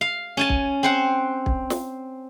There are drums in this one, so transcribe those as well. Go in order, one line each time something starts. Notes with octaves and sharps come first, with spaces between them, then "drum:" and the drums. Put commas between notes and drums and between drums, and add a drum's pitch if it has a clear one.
F5
C#4 G#5 A5
drum: kick
C4 C5 F#5
drum: kick
drum: snare